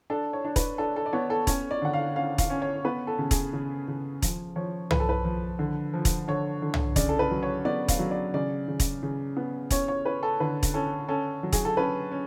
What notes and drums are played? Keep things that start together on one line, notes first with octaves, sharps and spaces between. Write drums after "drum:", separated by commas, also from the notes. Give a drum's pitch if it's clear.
D4 A4
C#5
D4
B4, drum: kick E1, hi-hat
D4 A4
A4
D5
B3 C#5
A4
C#4 C#5, drum: kick E1, hi-hat
D5
D3 F#5
F5
C#4 F5
F5, drum: kick E1, hi-hat
C#4
C#5
B3 B4
A4
C#3
G#4, drum: kick E1, hi-hat
C#3
C#3
F3, drum: kick E1, hi-hat
F3 C#5
F3 B4, drum: tom C2
A4
B4
F3
D3
F3
drum: kick E1, hi-hat
D3 C#5
D3
drum: tom C2
C#3 D5, drum: kick E1, hi-hat
A4
B4
F#3
C#5
B3 D5
F5, drum: kick E1, hi-hat
F#3
D5
C#3 D5
C#3
drum: kick E1, hi-hat
C#3
B3
C#4 C#5, drum: kick E1, hi-hat
C#5
C#4 B4
A4
D3 B4
drum: kick E1, hi-hat
C#4 A4
C#4 A4
F#3
G#4, drum: kick E1, hi-hat
A4
C#4 B4
C#4